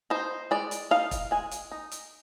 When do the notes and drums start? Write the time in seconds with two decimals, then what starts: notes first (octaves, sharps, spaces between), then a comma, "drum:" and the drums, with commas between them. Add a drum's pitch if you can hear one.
0.10 D#4 C5
0.51 G#3 D5
0.71 drum: hi-hat
0.91 D#4 F5
1.11 drum: kick E1, hi-hat
1.31 G#3 G#5
1.51 drum: hi-hat
1.71 D#4
1.92 drum: hi-hat